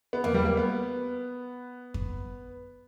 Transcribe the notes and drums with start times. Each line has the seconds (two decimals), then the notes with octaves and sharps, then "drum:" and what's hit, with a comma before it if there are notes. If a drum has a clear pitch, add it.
0.13 B3
0.24 A#3, drum: tom E2
0.34 G3
0.45 A#3
0.57 B3
1.94 drum: kick F2